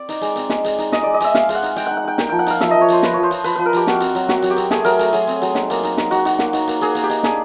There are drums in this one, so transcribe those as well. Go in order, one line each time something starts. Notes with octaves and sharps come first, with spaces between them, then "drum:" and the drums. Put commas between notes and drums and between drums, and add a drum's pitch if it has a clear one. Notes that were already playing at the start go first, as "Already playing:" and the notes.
Already playing: C4 D5
D#4, drum: hi-hat
G#3, drum: hi-hat
C4, drum: hi-hat
G#3, drum: snare
G#3, drum: hi-hat
D#4, drum: hi-hat
G#3 D#5, drum: snare
G#3 D5
D#5
G#3 E5, drum: hi-hat
G#3 F5, drum: snare
G#3, drum: hi-hat
F#5
D#4, drum: hi-hat
G#3 G5, drum: hi-hat
D#4 F#5
F#5
D#4 G5
A#3 G5, drum: snare
F3 G5
F#5
D#4 F5, drum: hi-hat
F3 E5, drum: snare
F3 D#5
C#5
F3 C5, drum: hi-hat
F3 B4, drum: snare
F3 C#5
C5
F3, drum: hi-hat
F3 B4, drum: hi-hat
F3 B4
A#4
F3 G4, drum: hi-hat
C4 F#4, drum: snare
C4, drum: hi-hat
F#3, drum: hi-hat
C4 F#4, drum: snare
F#3, drum: hi-hat
G4
C4, drum: hi-hat
A3 G#4, drum: snare
F#3 A#4, drum: hi-hat
A3, drum: hi-hat
F#3 G#4, drum: hi-hat
C4, drum: hi-hat
F#3, drum: hi-hat
D#4, drum: snare
A#3, drum: hi-hat
D#4, drum: hi-hat
D#4, drum: snare
D#4 F#4, drum: hi-hat
D#4 F#4, drum: hi-hat
A#3, drum: snare
D#4, drum: hi-hat
A#3, drum: hi-hat
A#3 G#4, drum: hi-hat
A#3, drum: hi-hat
G4
D#4, drum: hi-hat
D4 G#4, drum: snare